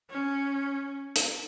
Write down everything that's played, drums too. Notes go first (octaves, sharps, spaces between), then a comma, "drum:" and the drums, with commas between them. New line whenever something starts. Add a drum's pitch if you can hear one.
C#4
drum: hi-hat